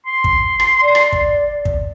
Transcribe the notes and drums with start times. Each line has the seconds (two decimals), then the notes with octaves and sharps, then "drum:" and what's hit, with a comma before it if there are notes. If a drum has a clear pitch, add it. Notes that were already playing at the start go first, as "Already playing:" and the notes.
0.07 C6
0.24 drum: kick
0.60 drum: rim click
0.82 D5
0.95 drum: rim click
1.12 drum: kick
1.65 drum: kick